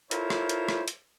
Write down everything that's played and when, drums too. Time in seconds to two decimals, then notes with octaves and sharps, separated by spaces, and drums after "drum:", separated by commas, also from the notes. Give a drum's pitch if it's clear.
0.11 E4 F4 A4 A#4 C5 C#5, drum: hi-hat
0.30 drum: rim click
0.49 drum: hi-hat
0.69 drum: rim click
0.88 drum: hi-hat